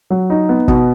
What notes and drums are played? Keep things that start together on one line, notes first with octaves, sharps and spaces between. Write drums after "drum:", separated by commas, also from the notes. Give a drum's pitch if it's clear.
F#3
D#4
B3
B2, drum: kick